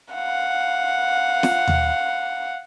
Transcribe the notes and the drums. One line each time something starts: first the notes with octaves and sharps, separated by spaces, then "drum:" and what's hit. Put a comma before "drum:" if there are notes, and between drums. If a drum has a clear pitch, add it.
F5 F#5
drum: snare
drum: tom D#2